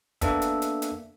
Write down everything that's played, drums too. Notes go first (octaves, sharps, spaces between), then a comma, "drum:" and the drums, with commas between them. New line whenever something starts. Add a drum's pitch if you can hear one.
A#3 B3 D4 A4 E5, drum: kick, hi-hat
drum: hi-hat
drum: hi-hat
drum: hi-hat